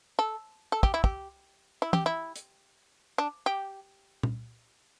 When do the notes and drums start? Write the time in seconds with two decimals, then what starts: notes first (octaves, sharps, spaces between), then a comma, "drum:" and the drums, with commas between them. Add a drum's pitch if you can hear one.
0.19 A4
0.72 A4
0.83 G4, drum: kick
0.94 E4
1.04 G4, drum: kick
1.82 E4
1.93 G4, drum: tom E3
2.06 E4
2.36 drum: hi-hat
3.18 D4
3.46 G4
4.23 drum: tom A#2